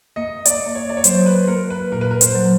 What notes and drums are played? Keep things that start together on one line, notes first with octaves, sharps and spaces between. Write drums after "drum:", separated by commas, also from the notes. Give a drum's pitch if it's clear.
A#3 D#5
D5, drum: hi-hat
A#3
C#5
D5
C#5
F#3 C5, drum: hi-hat
B4
A#3 A#4
B4
A#2 A#4
B4
A#4
C5, drum: hi-hat
F#3